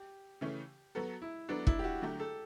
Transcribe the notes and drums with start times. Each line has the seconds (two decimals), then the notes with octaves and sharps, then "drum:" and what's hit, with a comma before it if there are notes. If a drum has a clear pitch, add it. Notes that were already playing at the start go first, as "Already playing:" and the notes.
Already playing: G4
0.41 C#3 E3 A3 C#4
0.95 F#3 B3 F#4 A4
1.22 E4
1.49 F#3 B3 D4 F#4 A4
1.67 E4, drum: kick
1.79 G4
1.84 F#4
2.01 D3 F#3 A3 G4
2.20 A4